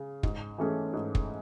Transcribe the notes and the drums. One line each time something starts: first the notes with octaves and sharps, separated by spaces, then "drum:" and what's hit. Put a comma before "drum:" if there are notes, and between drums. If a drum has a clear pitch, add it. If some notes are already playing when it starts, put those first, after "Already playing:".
Already playing: C#3
G#2, drum: kick
E3 A3 C#4 G#4
G#2
drum: kick